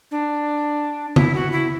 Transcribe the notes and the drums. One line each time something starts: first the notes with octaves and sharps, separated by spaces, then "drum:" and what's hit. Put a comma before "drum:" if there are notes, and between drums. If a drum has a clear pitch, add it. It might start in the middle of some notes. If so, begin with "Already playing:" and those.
D4
E4, drum: tom C#3
F#4
E4